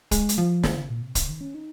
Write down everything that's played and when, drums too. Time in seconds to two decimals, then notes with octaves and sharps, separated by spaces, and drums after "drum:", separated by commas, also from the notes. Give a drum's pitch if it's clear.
0.11 G#3, drum: kick, hi-hat
0.29 drum: hi-hat
0.38 F3
0.63 D#3, drum: snare
0.76 C#3
0.89 A#2
1.02 C3
1.15 C#3, drum: kick, hi-hat
1.29 D#3
1.41 C#4
1.54 D#4